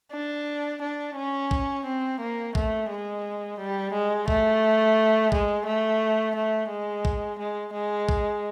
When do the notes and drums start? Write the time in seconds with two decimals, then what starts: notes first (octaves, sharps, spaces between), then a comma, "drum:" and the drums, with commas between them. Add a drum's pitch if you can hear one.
0.12 D4
0.82 D4
1.16 C#4
1.51 drum: kick A#1
1.85 C4
2.20 A#3
2.55 A3, drum: kick A#1
2.90 G#3
3.59 G3
3.93 G#3
4.28 A3, drum: kick A#1
5.32 G#3, drum: kick A#1
5.66 A3
6.35 A3
6.70 G#3
7.05 drum: kick A#1
7.39 G#3
7.73 G#3
8.09 drum: kick A#1